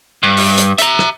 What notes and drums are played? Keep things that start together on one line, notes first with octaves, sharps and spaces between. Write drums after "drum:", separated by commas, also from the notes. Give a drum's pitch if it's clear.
G2
drum: open hi-hat
drum: hi-hat
E5 A#5, drum: hi-hat
drum: rim click